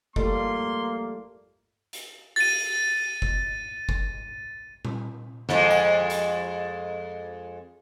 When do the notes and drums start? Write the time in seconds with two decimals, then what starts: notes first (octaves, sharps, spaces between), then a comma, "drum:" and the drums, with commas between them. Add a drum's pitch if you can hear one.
0.16 F3 G3 A3 A#3 C6, drum: kick F#1
1.93 drum: hi-hat
2.36 A6 D#7, drum: open hi-hat
3.22 drum: kick F#1
3.89 drum: kick F#1
4.85 drum: tom A#2
5.49 F2 G#3, drum: snare
5.71 drum: tambourine
6.10 drum: hi-hat